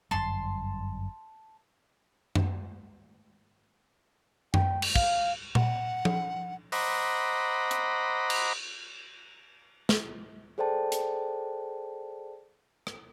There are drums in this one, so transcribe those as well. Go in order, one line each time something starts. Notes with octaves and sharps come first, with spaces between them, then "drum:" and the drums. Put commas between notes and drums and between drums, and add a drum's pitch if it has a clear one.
G1 F#2 G3 A5 C6
drum: tom F#2
G5, drum: tom F#2
drum: cymbal
F5, drum: kick
F#5, drum: tom A#2
drum: tom F3
C5 D#5 F#5 A#5 B5 D6, drum: open hi-hat
drum: hi-hat
drum: cymbal
drum: snare
G#4 A4 C5 D5 G5 A5
drum: hi-hat
drum: rim click